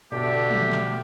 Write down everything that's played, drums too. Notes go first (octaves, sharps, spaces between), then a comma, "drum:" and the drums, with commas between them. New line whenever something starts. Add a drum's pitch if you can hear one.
B2 D3 A3 G4 D5
drum: tom
drum: clap